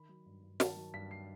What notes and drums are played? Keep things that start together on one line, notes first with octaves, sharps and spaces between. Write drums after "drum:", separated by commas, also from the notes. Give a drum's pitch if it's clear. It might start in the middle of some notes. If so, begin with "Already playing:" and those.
Already playing: D#3 B5
F#3
G2
G2
D#3 A5, drum: snare
F#3
G2 B6
C7